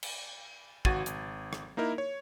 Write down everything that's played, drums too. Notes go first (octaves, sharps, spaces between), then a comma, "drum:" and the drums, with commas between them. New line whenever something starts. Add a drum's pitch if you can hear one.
drum: cymbal
G#1 F#4 G#6 A6 D#7, drum: kick
G#1, drum: hi-hat
drum: rim click
A#3 D#4 E4 A#4
C#5